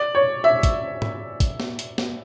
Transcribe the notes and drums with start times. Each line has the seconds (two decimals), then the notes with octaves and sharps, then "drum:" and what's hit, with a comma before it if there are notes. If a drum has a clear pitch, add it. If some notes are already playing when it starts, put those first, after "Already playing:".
Already playing: D5
0.15 C#5
0.44 E5
0.63 drum: kick, hi-hat
1.02 drum: tom G#2
1.40 drum: kick, hi-hat
1.60 drum: snare
1.79 drum: hi-hat
1.98 drum: snare